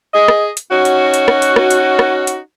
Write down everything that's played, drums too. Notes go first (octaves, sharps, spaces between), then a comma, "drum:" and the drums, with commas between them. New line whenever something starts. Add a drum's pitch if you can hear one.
G#4 D#5
drum: rim click
drum: hi-hat
C#4 D#4 F#4
drum: hi-hat
drum: hi-hat
drum: rim click
drum: hi-hat
drum: rim click
drum: hi-hat
drum: rim click
drum: hi-hat